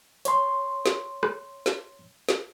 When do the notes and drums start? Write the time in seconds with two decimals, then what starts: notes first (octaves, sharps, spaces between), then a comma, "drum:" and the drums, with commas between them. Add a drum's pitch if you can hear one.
0.25 C#5 C6, drum: hi-hat
0.86 drum: snare
1.23 drum: rim click
1.66 drum: snare
2.29 drum: snare